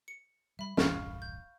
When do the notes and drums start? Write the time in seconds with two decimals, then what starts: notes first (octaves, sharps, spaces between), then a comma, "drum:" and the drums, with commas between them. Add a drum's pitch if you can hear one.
0.08 C#7
0.59 G3 E5 B5
0.77 A#1 E2 G2 F5 C#6 F6, drum: snare
1.22 G6